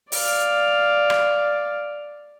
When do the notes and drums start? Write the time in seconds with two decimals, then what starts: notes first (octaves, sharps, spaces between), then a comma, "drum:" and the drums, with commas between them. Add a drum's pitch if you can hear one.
0.12 D5 F5, drum: open hi-hat
1.10 drum: rim click